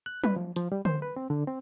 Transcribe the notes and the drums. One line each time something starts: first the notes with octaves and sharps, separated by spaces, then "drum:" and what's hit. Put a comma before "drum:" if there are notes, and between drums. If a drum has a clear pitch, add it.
F#6
B4, drum: tom F#3
F3
F3, drum: hi-hat
G3
C5, drum: tom D3
B4
C4
D3
C4